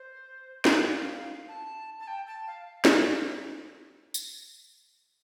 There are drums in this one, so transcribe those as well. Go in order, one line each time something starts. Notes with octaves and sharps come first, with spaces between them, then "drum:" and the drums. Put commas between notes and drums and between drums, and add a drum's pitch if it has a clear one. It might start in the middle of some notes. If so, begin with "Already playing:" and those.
Already playing: C5
drum: snare
G5
F5
A5
A5
G5
A5
F5
drum: snare
drum: tambourine